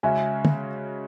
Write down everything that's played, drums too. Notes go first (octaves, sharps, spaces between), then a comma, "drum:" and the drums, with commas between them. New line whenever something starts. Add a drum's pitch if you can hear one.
C#3 G#3 C#4 F#4 E5 G#5
drum: tom